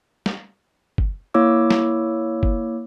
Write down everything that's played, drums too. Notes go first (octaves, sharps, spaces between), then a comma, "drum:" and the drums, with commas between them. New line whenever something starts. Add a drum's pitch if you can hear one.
drum: snare
drum: kick
A#3 E4 C#5 D6 E6
drum: snare
drum: kick